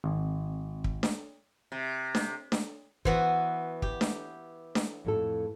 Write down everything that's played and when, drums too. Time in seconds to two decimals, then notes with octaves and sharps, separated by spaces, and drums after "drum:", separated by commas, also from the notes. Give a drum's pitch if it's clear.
0.04 G#1
0.84 drum: kick
1.03 drum: snare D4
1.72 C3
2.15 drum: snare D4
2.52 drum: snare D4
3.05 E3 B3 F#4 C5, drum: kick
3.82 G4, drum: kick
4.01 drum: snare D4
4.75 drum: snare D4
5.05 F2 A2 A4